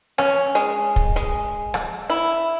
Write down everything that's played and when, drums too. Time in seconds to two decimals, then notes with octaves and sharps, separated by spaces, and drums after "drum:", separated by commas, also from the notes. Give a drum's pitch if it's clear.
0.18 C#4, drum: rim click
0.55 G#3
0.96 drum: kick
1.16 G#3
1.74 drum: rim click
2.10 E4